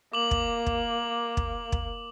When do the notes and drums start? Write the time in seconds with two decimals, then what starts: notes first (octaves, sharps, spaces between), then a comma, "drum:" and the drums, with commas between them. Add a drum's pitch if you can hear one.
0.13 A#3 D6 F#7
0.31 drum: kick
0.66 drum: kick
1.37 drum: kick
1.72 drum: kick